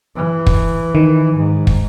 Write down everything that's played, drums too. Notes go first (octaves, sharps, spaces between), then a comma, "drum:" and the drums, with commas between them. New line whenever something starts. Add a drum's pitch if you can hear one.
E3
drum: kick
D#3
G#2
drum: kick